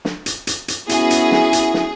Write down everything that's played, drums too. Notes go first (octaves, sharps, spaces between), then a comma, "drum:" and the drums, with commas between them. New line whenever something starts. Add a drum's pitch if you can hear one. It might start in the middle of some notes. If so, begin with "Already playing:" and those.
drum: snare
drum: hi-hat
drum: hi-hat
drum: hi-hat
B3 C#4 E4 F#4 G#4, drum: hi-hat
drum: hi-hat
drum: snare
drum: hi-hat
drum: snare